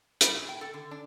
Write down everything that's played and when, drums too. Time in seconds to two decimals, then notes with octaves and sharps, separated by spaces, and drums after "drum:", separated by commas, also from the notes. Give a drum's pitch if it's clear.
0.21 G3, drum: hi-hat
0.35 A#2
0.49 G5
0.61 A4
0.74 D3
0.91 D4